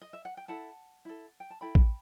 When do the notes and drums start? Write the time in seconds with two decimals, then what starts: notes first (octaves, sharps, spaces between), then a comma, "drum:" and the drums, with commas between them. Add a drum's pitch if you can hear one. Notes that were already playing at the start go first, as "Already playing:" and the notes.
0.01 D#5
0.13 E5
0.25 F#5
0.37 G5
0.48 E4 A4 F#5 A5
1.05 E4 A4
1.40 G5
1.50 A5
1.61 E4 A4 G5 B5
1.75 drum: kick A1